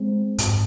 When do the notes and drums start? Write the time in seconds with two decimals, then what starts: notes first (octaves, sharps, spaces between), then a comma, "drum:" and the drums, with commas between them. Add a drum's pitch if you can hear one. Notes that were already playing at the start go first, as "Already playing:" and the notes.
Already playing: G#3 C4
0.38 G#2, drum: hi-hat